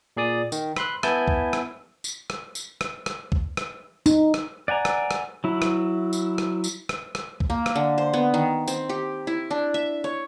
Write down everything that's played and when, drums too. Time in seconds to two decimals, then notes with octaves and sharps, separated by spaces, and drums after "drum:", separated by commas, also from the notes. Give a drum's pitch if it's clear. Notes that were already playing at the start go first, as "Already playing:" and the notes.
0.17 A#2 G#4 D5 D#6
0.52 D#3, drum: tambourine
0.76 B5 C6 F#6, drum: rim click
1.03 B3 E4 G#5 A5 G6 G#6, drum: rim click
1.28 drum: kick C2
1.53 drum: rim click
2.04 drum: tambourine
2.30 drum: rim click
2.55 drum: tambourine
2.81 drum: rim click
3.06 drum: rim click
3.32 drum: kick C2
3.57 drum: rim click
4.06 D#4, drum: tambourine
4.34 drum: rim click
4.68 D5 F#5 G#5 A#5
4.85 drum: rim click
5.11 drum: rim click
5.44 F#3 E4
5.62 drum: rim click
6.13 drum: tambourine
6.38 drum: rim click
6.64 drum: tambourine
6.89 drum: rim click
7.15 drum: rim click
7.40 drum: kick C2
7.50 A#3
7.66 drum: rim click
7.76 D3
7.98 C5
8.14 B3
8.34 D#3
8.68 C4, drum: tambourine
8.89 G4
9.27 E4
9.51 D4
9.74 E5
10.04 C#5